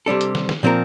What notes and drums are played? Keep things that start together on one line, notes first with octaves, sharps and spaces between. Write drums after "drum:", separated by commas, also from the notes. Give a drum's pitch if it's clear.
C3 G3 D4 A4
drum: hi-hat
drum: snare
drum: snare
A#2 F3 C4 F4 A#4